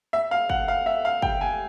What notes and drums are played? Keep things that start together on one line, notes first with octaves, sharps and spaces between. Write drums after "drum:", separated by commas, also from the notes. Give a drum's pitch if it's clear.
E5
F5
F#5, drum: kick
F5
E5
F5
G5, drum: kick
G#5